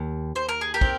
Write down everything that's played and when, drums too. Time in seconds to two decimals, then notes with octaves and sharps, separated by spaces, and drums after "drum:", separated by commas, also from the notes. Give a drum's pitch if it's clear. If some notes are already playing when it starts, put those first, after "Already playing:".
Already playing: D#2
0.35 D#2 C5
0.49 A#4
0.61 G#4
0.74 G4 A#4
0.81 C4, drum: kick